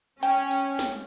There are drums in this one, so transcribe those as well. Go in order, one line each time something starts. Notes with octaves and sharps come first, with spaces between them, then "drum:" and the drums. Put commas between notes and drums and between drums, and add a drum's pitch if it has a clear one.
C#4 G5, drum: hi-hat
drum: hi-hat
drum: snare